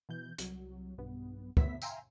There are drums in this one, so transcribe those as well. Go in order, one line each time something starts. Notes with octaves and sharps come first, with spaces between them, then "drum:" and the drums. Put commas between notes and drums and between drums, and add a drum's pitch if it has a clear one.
B2 E3 G6
C2 F#3, drum: hi-hat
B1 G2 B3
A3 B3 E5 B6, drum: kick
E5 F5 G5 G#5 A#5 C6, drum: tambourine